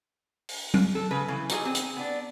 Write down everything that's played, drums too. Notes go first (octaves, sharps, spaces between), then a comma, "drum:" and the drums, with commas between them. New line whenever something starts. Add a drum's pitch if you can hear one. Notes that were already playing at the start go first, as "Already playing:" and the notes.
drum: open hi-hat
drum: tom F#3
A4
C#3 B4
C#3 E3
F#3 G3 D#4 F4 G#4, drum: hi-hat
C4 G#4
drum: hi-hat
B3 D4